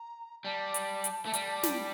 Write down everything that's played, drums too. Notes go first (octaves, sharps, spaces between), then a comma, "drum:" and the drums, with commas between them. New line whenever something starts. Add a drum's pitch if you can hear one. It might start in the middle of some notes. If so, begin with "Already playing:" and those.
Already playing: A#5
G3 A5
drum: hi-hat
drum: hi-hat
A3
G3, drum: hi-hat
drum: snare